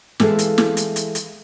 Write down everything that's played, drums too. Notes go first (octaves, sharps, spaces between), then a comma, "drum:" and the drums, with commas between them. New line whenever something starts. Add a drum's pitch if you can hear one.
E3 G#3 A4 E5 F5, drum: snare
drum: hi-hat
drum: snare
drum: hi-hat
drum: hi-hat
drum: hi-hat